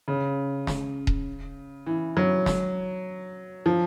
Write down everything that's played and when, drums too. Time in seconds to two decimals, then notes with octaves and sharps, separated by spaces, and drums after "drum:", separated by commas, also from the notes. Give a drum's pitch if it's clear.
0.08 C#3
0.67 drum: snare
1.07 drum: kick D#1
1.86 E3
2.17 F#3
2.46 drum: snare
3.66 F3